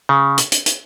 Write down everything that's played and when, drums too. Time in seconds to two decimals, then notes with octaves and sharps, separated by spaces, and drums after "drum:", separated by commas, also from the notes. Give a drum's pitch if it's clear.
0.09 C#3
0.38 drum: hi-hat
0.52 drum: hi-hat
0.66 drum: hi-hat